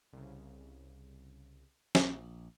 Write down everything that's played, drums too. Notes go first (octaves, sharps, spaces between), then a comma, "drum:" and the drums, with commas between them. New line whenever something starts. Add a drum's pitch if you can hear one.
C2 C#3
A#1, drum: snare